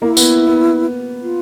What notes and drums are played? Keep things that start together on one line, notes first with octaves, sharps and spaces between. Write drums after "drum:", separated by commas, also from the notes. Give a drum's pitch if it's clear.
A#3 E4
B3, drum: tambourine
B3
F4